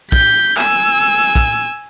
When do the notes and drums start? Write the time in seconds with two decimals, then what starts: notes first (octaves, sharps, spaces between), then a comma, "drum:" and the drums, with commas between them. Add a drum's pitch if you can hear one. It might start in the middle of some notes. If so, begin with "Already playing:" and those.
0.12 G6 B6, drum: kick
0.57 G#5 E6, drum: clap
1.35 drum: kick